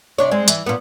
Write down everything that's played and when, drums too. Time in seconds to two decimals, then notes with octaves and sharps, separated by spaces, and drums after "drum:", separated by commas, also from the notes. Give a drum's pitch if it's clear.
0.18 C3 D4 C#5
0.31 G#3 C4
0.48 E3, drum: hi-hat
0.66 A#2 B3